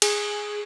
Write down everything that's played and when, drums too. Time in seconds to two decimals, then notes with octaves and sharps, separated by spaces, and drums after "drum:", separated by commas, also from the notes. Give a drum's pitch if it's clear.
0.02 G#4, drum: cymbal